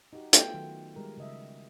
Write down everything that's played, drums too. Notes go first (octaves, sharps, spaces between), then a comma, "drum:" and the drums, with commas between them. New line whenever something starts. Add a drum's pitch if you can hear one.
D#4 F#4 G4
A3 B3 F4 G5, drum: hi-hat
D#3 F#3
G3 G#3 A#4
C#3 D#5 E5